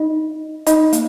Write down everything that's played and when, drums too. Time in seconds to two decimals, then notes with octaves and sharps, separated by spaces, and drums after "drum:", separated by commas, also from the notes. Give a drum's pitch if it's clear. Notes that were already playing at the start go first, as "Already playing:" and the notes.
Already playing: D#4 D#5
0.67 D#4 D#5, drum: hi-hat
0.93 A#3, drum: hi-hat